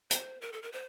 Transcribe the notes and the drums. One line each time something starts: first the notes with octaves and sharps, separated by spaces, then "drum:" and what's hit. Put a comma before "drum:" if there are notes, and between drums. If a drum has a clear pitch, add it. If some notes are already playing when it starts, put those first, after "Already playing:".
C5, drum: hi-hat
A#4
A4
A#4
C5